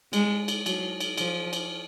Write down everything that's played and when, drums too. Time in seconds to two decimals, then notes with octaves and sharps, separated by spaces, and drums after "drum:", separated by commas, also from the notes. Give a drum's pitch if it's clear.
0.13 G#3, drum: cymbal
0.48 drum: cymbal
0.66 F#3, drum: cymbal
1.00 drum: cymbal
1.18 F3, drum: cymbal
1.53 drum: cymbal